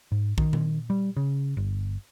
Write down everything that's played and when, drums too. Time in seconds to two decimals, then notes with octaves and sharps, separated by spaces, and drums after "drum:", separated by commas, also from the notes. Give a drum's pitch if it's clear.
0.12 G#2
0.38 D#3, drum: kick
0.53 drum: tom A#2
0.90 G3
1.17 C#3
1.57 G1